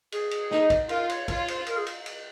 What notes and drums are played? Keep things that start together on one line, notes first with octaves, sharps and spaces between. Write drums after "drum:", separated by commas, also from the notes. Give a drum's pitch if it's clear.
G#4, drum: cymbal
drum: cymbal
D#4, drum: snare
drum: kick, cymbal
F4 A#4, drum: cymbal
C#5, drum: cymbal
F4 C#5, drum: kick, cymbal
C5, drum: cymbal
A#4, drum: cymbal
G#4
drum: cymbal
drum: cymbal